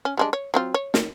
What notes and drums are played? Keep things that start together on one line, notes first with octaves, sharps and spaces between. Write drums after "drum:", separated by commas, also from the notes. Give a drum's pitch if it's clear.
C#4
G3 G#3 D4
C#5
F#3 C4 F4
C#5
D#3, drum: snare